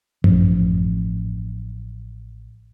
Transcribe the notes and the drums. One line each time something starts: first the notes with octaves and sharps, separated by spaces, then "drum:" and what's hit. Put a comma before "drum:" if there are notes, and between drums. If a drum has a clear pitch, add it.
A1 A2 F3, drum: tom F#2